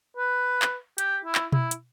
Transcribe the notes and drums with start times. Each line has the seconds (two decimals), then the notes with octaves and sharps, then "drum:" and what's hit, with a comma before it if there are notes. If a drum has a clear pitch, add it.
0.17 B4
0.62 drum: clap
0.98 G4, drum: hi-hat
1.25 E4
1.35 drum: clap
1.52 E4, drum: tom B2
1.71 drum: hi-hat